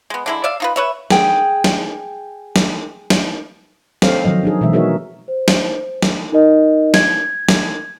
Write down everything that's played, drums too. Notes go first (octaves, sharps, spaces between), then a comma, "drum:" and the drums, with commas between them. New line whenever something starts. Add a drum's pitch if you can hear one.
G#3 B3
D3 G#3 E4
D5 E5 F5
D#4 F4 B4
B4 C#5 E5
G#4 G5, drum: snare
drum: snare
drum: snare
drum: snare
C4 A4 C5 C#5 F5, drum: snare
D#3 F3 F#3 D#5
D4 D#4 G#4
B2 E3 G#3 E5
D#4 F#4 G#4 A#4 C#5 E5
C5
drum: snare
drum: snare
D#4 A#4 D#5
G#6, drum: snare
drum: snare